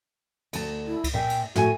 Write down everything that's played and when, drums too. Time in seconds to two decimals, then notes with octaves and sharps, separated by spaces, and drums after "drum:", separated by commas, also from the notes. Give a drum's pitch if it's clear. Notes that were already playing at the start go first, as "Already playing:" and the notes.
0.53 D2 A5, drum: cymbal
0.87 E4
1.04 drum: kick C#2, cymbal
1.14 A#2 E5 G5
1.30 drum: cymbal
1.56 A2 F#4 G#5, drum: snare